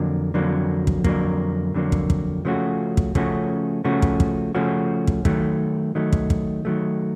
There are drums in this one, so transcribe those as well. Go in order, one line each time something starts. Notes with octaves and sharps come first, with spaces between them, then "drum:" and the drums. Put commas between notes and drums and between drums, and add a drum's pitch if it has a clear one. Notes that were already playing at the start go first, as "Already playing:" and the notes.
Already playing: F2 D3 F#3 A#3
F2 D3 F#3 A#3
drum: kick
F2 D3 F#3 A#3, drum: kick
F2 D3 F#3 A#3
drum: kick
drum: kick
C#3 F3 A3 C#4 F#4
drum: kick
C#3 F3 A3 C#4 F#4, drum: kick
C#3 F3 A3 C#4 F#4
drum: kick
drum: kick
C#3 F3 A3 C#4 F#4
drum: kick
D#3 F#3 A3, drum: kick
D#3 F#3 A3
drum: kick
drum: kick
D#3 F#3 A3